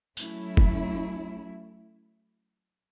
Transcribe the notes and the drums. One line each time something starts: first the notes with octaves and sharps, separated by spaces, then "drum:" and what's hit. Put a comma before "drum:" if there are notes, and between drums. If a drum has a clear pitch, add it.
F#3 A3 C#4 E4, drum: tambourine
drum: kick